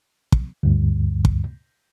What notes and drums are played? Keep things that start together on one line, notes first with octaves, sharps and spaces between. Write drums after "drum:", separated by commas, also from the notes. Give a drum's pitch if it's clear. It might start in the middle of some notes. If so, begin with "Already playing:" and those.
drum: kick
D2 G2
drum: kick